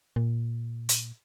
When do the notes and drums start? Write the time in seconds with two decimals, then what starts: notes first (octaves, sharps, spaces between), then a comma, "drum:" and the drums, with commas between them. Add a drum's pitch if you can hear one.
0.16 A#2
0.89 drum: hi-hat